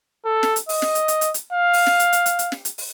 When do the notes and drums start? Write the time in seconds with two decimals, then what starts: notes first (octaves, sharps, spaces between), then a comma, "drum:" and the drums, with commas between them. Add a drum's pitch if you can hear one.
0.25 A4
0.43 drum: snare
0.56 drum: hi-hat
0.69 D#5, drum: open hi-hat
0.82 drum: snare
0.95 drum: hi-hat
1.08 drum: hi-hat
1.21 drum: hi-hat
1.34 drum: hi-hat
1.53 F5
1.73 drum: open hi-hat
1.86 drum: snare
2.00 drum: hi-hat
2.13 drum: hi-hat
2.26 drum: hi-hat
2.39 drum: hi-hat
2.52 drum: snare
2.65 drum: hi-hat
2.78 drum: open hi-hat